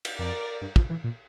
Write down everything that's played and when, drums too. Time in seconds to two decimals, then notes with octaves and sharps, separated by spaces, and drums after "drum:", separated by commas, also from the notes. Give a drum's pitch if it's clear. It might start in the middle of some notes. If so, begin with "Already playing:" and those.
0.05 drum: cymbal
0.18 F2 A#4 D5
0.62 G2
0.76 F3, drum: kick
0.90 E3
1.04 A#2